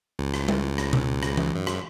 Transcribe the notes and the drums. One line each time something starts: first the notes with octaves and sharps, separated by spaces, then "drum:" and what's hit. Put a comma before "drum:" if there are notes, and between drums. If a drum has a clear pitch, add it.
C#2
drum: rim click
drum: tom G3
drum: rim click
drum: tom B2
drum: rim click
drum: tom E3
F#2
drum: rim click